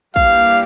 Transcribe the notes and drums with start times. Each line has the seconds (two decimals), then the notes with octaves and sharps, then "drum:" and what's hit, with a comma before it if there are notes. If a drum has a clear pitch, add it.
0.16 E3 G3 A#3 D4 G4 F5, drum: kick